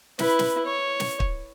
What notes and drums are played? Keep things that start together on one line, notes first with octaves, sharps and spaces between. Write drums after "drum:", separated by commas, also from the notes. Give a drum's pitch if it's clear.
E4 B4, drum: snare
drum: snare
C#5
drum: snare
drum: kick